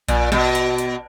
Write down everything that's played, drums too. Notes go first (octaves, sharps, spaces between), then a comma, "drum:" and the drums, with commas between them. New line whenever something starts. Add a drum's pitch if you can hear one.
A#2, drum: kick A#1, hi-hat
B2, drum: snare
drum: hi-hat
drum: hi-hat